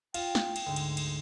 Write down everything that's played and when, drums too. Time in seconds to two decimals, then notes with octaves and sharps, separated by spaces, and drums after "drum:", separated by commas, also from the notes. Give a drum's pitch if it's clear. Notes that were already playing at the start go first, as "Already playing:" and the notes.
0.14 F4 G5, drum: cymbal
0.35 drum: snare
0.56 drum: cymbal
0.66 D2 G#2
0.76 drum: cymbal
0.97 drum: cymbal